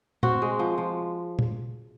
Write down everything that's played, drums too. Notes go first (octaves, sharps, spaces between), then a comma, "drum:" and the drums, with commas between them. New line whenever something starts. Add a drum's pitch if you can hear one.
C4 F#4, drum: tom
G#3
F3
F3
drum: tom